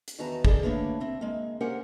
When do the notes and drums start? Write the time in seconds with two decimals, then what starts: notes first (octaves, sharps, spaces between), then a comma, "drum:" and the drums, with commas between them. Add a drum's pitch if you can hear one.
0.08 drum: hi-hat
0.19 E2 D#3 F#4 B4 A5 A#5
0.45 G#4 A4 D5, drum: kick
0.63 A3 A#3 D4 B4 C#5
1.00 C4 E5
1.21 G#3 A#3
1.60 A#3 C#4 G4 A#4 C5 F#5